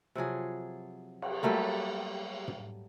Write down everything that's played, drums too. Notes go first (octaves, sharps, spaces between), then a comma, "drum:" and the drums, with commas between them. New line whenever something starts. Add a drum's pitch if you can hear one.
C3 F3 F#3 G#4
drum: cymbal
F#3 G3 A3 A#3
drum: tom